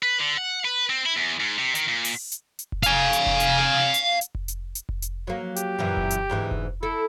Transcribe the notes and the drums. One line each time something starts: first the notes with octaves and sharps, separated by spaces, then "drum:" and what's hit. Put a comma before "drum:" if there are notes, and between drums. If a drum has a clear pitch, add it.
B4
D3
F#5
B4
C4
E4
E2
G#2
C3
D#3, drum: hi-hat
A#2
drum: open hi-hat
drum: hi-hat
drum: hi-hat
drum: kick F1
F5 G#5, drum: hi-hat
drum: hi-hat
drum: kick F1
drum: hi-hat
drum: hi-hat
drum: hi-hat
drum: kick F1
drum: hi-hat
drum: hi-hat
drum: kick F1
drum: hi-hat
F#3 A#3
G4, drum: hi-hat
F#2 A#2 E3
drum: kick F1
drum: hi-hat
D2 G#2 E3
drum: kick F1
E4 A4